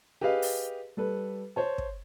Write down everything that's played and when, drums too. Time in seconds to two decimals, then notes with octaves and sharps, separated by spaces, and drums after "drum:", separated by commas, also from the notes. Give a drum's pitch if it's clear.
0.21 G4 G#4 B4 D#5 F5
0.42 drum: open hi-hat
0.97 G3 A4 B4
1.56 C5 C#5 A5
1.78 drum: kick